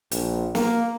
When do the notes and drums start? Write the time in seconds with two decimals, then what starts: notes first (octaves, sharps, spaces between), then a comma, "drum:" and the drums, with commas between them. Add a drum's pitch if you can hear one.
0.11 A#1, drum: hi-hat
0.55 A#3, drum: snare